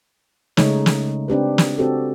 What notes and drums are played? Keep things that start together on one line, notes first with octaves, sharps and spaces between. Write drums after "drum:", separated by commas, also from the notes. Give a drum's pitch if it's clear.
C#3 G#3 A3 D#4 A4 C#5, drum: snare
drum: snare
C4 D4 G4 B4
drum: snare
C4 F#4 G4 A4